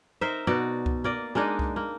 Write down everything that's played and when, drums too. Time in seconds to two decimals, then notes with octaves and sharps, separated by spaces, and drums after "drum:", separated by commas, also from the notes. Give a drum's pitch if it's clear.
0.21 D#4 A#4 C5 E5
0.47 B2 D#4 F#4 D5
0.86 drum: kick C2
1.04 A#3 D5 D#5
1.35 G#3 A#3 D4 D#4
1.59 drum: kick C2
1.76 A#3